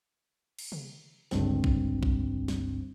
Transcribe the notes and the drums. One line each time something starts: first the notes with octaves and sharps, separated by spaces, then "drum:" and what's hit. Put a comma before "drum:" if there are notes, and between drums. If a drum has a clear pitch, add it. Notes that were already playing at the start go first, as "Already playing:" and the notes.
drum: cymbal
drum: tom C3
G1 C#2 G2 C4, drum: snare
drum: kick
drum: kick
drum: snare